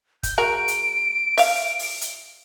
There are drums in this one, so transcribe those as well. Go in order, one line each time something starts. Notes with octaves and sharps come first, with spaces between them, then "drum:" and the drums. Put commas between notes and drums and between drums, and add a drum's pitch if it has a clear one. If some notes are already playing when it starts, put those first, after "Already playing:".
G6, drum: kick, hi-hat
G#3 F#4 A#4 D7
drum: hi-hat
E5 F5, drum: open hi-hat
drum: open hi-hat
drum: hi-hat